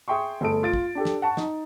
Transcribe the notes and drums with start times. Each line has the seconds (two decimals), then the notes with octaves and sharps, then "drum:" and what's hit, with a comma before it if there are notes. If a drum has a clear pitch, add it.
0.08 G#4 E5 G5 C6 C#6
0.41 G1 A3 G#4 A4 D7
0.63 F4 A6 D7
0.74 drum: kick
0.95 D4 G4 A4
1.05 drum: snare
1.22 F#5 A5 C#6
1.37 D#4, drum: snare